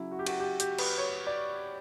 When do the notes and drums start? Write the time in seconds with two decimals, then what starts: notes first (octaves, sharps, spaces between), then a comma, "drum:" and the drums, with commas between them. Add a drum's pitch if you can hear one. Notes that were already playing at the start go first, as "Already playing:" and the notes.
Already playing: C#3 F#3 E4
0.11 F#4
0.19 G4
0.27 F#4, drum: cymbal
0.40 G4
0.60 G4, drum: hi-hat
0.78 B4, drum: cymbal
0.98 C#5
1.27 D5